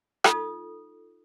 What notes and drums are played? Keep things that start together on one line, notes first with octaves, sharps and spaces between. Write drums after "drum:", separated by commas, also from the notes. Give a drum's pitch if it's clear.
D#4 F4 A4 D#6, drum: rim click